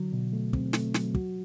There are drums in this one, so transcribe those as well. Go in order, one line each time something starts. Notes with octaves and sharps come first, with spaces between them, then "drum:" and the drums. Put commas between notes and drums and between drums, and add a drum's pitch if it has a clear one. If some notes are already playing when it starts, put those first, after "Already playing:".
Already playing: D3 F#3
B2
A3
C4, drum: kick
A3, drum: snare
F#3, drum: snare
F#4, drum: kick